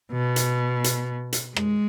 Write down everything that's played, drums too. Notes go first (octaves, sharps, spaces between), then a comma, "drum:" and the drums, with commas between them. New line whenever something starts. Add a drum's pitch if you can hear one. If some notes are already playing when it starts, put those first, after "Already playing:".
B2
drum: hi-hat
drum: hi-hat
drum: hi-hat
G#3, drum: rim click